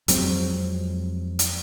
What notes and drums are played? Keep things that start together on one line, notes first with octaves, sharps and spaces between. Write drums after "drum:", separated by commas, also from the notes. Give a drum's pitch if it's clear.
F2 F#3 G#3 C4, drum: hi-hat
drum: hi-hat